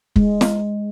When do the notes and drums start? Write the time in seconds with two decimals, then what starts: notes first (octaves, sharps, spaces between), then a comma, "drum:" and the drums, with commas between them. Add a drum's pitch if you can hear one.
0.16 G#3, drum: kick
0.41 drum: snare